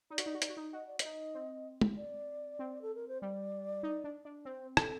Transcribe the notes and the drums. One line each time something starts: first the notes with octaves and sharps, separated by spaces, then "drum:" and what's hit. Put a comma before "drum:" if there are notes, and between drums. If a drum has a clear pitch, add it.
D#4 D5
F#4, drum: hi-hat
D#4
F#4
D#4, drum: hi-hat
F#4
D#4
F#4 D#5
D5
D#5, drum: hi-hat
D#4
C4
drum: tom
D5
C4
A4
A#4
C5
G3 D5
D#4
D4
D4
C4 C5
A4, drum: rim click